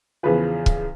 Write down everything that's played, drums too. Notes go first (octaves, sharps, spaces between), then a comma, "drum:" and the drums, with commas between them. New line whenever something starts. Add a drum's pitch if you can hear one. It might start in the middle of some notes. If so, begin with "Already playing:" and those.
E2 C#3 F3 B4
drum: kick